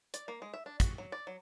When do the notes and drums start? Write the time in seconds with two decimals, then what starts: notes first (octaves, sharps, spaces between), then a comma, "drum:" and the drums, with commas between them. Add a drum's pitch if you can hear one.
0.14 D5, drum: hi-hat
0.28 A#3
0.42 G#3
0.54 E5
0.66 D4
0.80 F#4, drum: kick, hi-hat
0.98 F#3
1.12 D5
1.27 F#3